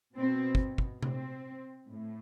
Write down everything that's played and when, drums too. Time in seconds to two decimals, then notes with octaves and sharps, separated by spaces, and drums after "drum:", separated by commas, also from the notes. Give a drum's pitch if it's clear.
0.16 B2 C4
0.55 drum: kick
0.78 drum: kick
1.03 C4, drum: tom C3
1.90 A2